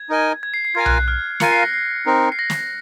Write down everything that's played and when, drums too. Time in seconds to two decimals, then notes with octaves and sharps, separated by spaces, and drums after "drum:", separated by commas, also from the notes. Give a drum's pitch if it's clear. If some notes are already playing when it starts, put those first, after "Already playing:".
Already playing: G#6
0.09 D#4 A#4 D#5 G#5
0.43 G#6
0.54 C7
0.65 C7
0.75 F4 A#4 F5 G#5 G#6
0.86 F#6, drum: tom B1
0.97 F#6
1.08 F6
1.40 F4 A#4 F5 G#5 C#7, drum: snare
1.52 C7
1.62 A#6
1.74 C7
2.06 C4 D#4 A#4
2.32 C7
2.39 A#6
2.50 drum: snare